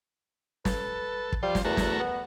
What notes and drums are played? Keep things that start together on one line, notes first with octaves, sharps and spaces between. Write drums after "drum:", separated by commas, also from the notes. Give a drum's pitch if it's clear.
A4 B4, drum: snare
drum: kick
F3 G3 C5
drum: snare
E2 A3 F#4 A#4
drum: snare
B3